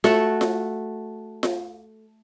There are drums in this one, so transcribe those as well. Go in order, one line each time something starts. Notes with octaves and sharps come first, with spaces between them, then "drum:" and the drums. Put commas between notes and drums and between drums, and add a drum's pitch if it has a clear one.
A3 F#4 A4 F#5, drum: snare F4
drum: snare F4
drum: snare F4